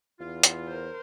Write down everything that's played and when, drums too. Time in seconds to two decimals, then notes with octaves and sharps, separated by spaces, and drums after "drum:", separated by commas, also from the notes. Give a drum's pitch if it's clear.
0.20 E2 F4
0.43 drum: hi-hat
0.68 A#4 C5